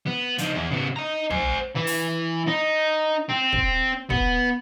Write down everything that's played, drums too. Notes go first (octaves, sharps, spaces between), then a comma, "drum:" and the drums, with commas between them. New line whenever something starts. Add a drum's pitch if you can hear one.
B3
F3 D#4, drum: hi-hat
E2 E4
C#3 B3
D#5 A#5
C5 G#5, drum: tom
E3
drum: open hi-hat
D#4
C4
drum: kick
B3, drum: kick